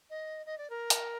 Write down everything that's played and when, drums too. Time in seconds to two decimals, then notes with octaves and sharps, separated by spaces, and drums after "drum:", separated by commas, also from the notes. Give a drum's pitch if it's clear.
0.10 D#5
0.46 D#5
0.57 D5
0.70 A#4
0.90 drum: hi-hat